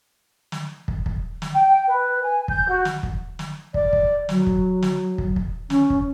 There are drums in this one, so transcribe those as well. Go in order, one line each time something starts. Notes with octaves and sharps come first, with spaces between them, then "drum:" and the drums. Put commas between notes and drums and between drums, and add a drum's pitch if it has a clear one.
drum: snare
drum: kick
drum: kick
drum: snare
G5
B4
G#5
G6, drum: kick
F#4
drum: snare
drum: kick
drum: snare
D5, drum: kick
drum: kick
F#3, drum: snare
drum: kick
drum: snare
drum: kick
drum: kick
C#4, drum: snare
drum: kick